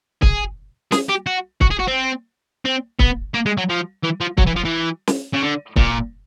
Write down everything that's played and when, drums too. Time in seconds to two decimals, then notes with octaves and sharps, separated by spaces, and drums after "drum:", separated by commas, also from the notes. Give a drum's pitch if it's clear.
0.22 G#4, drum: kick
0.92 G#4, drum: snare
1.09 G4
1.27 F#4
1.61 F#4, drum: kick
1.70 G#4
1.79 F#4
1.87 C4
2.65 C4
2.99 B3, drum: kick
3.34 A#3
3.46 G#3
3.58 F#3
3.70 F3
4.04 E3
4.21 F3
4.38 F#3, drum: kick
4.47 E3
4.56 F3
4.65 E3
5.07 drum: snare
5.33 C#3
5.42 D3
5.76 A#2, drum: kick